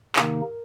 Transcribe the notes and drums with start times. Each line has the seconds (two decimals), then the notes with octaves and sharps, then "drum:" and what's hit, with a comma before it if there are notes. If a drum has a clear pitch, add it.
0.16 C3 D#3 A#3 D#4 A#4, drum: clap